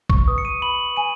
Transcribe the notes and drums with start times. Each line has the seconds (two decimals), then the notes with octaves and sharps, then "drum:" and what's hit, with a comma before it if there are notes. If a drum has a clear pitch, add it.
0.10 C#6, drum: kick
0.27 B4 D#6
0.38 C#7
0.45 D#7
0.62 B5 F#7
0.96 G#5 D#7